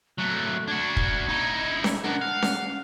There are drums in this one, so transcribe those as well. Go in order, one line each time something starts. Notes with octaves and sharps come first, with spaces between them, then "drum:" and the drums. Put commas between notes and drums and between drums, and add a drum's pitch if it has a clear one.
F#3 A3 F#6
D4 F#4 G#6
drum: kick
D#4 E4
drum: snare C#4
D4 A#4 F#5
F5
drum: snare C#4